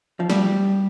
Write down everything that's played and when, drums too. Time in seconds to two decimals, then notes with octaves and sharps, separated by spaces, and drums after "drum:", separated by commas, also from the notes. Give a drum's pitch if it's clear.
0.20 F3
0.30 G3, drum: snare